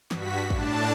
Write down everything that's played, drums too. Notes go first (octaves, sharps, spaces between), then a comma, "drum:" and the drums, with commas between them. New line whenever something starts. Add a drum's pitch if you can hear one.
G2 F#4 B6, drum: snare
A2 D4 A5, drum: kick